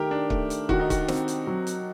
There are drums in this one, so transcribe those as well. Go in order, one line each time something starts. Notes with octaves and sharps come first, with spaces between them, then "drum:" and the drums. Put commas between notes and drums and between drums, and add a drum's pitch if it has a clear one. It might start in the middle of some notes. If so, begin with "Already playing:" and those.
Already playing: D#3 A3 G4 A#4
D4
A3, drum: kick
drum: hi-hat
D#3 F#4, drum: kick
D#4
F#4, drum: kick, hi-hat
C4, drum: snare
drum: hi-hat
F#3
drum: hi-hat